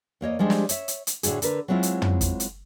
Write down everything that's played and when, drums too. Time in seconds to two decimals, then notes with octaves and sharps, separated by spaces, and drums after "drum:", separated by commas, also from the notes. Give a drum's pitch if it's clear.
0.21 E2 A#3 C#5 D#5
0.39 F3 G3 G#3 D4 G4
0.50 drum: snare
0.69 C#5 E5, drum: hi-hat
0.88 drum: hi-hat
1.07 drum: hi-hat
1.23 A2 D3 F#4 G#4, drum: hi-hat
1.42 D3 A#4 B4, drum: hi-hat
1.68 F#3 G#3 C4 E4 F4
1.83 drum: hi-hat
2.02 drum: tom
2.21 drum: kick, hi-hat
2.40 drum: hi-hat